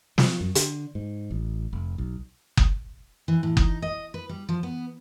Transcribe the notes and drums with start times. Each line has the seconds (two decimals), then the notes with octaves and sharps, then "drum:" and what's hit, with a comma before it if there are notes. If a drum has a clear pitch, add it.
0.18 F3, drum: snare
0.41 F#2
0.55 D3, drum: hi-hat
0.95 G#2
1.31 A1
1.73 F1
1.98 B1
2.57 drum: kick F#1
3.28 E3
3.43 A2
3.57 D#4, drum: kick F#1
3.82 D#5
4.14 B4
4.29 G3
4.49 F3
4.63 B3